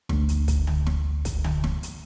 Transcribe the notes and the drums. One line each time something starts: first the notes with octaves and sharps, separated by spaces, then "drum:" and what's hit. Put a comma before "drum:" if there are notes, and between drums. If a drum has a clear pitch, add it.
G1 D2, drum: snare
drum: hi-hat
drum: kick, hi-hat
drum: tom D3
drum: snare
drum: kick, hi-hat
drum: tom D3
drum: snare
drum: hi-hat